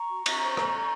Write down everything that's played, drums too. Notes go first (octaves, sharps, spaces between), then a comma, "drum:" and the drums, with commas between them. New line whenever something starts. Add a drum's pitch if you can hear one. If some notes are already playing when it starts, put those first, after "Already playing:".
Already playing: A#5 C#6
F#4
F#4, drum: cymbal
C5
A4, drum: rim click
A4